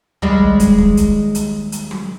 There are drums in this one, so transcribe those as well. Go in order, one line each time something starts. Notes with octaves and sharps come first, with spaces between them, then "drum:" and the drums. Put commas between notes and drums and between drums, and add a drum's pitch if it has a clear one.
D#2 G3 G#3, drum: tom
drum: kick, hi-hat
drum: tom
drum: hi-hat
drum: hi-hat
drum: hi-hat
drum: tom F#3